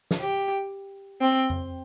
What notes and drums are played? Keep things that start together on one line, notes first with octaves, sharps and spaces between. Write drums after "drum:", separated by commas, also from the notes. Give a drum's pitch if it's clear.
drum: snare
G4
C4
drum: tom F2